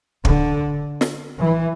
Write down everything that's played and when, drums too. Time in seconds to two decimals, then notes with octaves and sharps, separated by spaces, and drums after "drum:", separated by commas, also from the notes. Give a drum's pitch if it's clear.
0.25 D3, drum: kick
1.01 drum: snare
1.39 E3